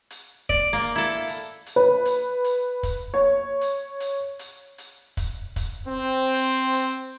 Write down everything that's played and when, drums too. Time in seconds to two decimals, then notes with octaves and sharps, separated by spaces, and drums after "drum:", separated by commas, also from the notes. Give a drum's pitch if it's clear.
0.10 drum: hi-hat
0.49 D5, drum: kick
0.73 A#3
0.95 E4 A4
1.27 drum: hi-hat
1.66 drum: hi-hat
1.76 B4
2.05 drum: hi-hat
2.44 drum: hi-hat
2.83 drum: kick, hi-hat
3.14 C#5
3.61 drum: hi-hat
4.00 drum: hi-hat
4.39 drum: hi-hat
4.78 drum: hi-hat
5.17 drum: kick, hi-hat
5.56 drum: kick, hi-hat
5.86 C4
6.34 drum: hi-hat
6.73 drum: hi-hat